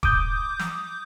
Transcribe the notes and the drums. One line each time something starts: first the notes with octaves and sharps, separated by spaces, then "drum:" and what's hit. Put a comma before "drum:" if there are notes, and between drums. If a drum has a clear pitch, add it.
D6 D#6 G6, drum: kick
drum: snare